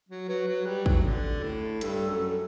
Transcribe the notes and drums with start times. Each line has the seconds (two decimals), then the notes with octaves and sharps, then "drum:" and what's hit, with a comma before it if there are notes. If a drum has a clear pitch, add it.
0.09 F#3
0.28 F#3 B4
0.48 F#3
0.66 G3
0.86 F#3, drum: kick
1.04 D3
1.43 A2
1.81 G2 A4, drum: hi-hat
2.08 F#2